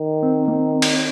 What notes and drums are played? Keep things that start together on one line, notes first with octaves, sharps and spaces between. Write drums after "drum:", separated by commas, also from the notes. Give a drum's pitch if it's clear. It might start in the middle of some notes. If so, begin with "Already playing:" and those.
Already playing: D#3
C4
A#3
C4
drum: cymbal